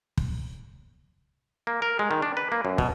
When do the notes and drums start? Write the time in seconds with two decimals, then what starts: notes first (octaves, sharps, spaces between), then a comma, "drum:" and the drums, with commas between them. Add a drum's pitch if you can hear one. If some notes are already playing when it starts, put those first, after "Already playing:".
0.17 drum: kick
1.67 A#3
1.82 A#4
1.99 G#3
2.11 D#3
2.22 D4
2.37 B4
2.52 A#3
2.65 F#2
2.78 B2, drum: kick